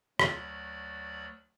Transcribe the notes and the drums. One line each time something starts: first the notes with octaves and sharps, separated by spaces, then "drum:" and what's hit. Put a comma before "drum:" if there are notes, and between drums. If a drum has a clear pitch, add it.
D2 F#3 D5 B5, drum: rim click